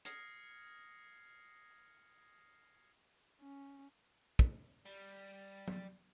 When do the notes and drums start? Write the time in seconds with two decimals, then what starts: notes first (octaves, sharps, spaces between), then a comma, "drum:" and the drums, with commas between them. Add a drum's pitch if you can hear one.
0.05 D#6 F6 G#6 A#6 C7 C#7, drum: hi-hat
3.41 C#4
4.39 drum: kick
4.86 G3
5.68 drum: tom